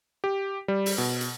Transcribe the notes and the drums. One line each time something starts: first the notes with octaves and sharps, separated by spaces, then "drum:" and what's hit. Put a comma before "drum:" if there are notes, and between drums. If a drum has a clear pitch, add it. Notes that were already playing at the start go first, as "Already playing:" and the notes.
G4
G3
drum: open hi-hat
B2
drum: hi-hat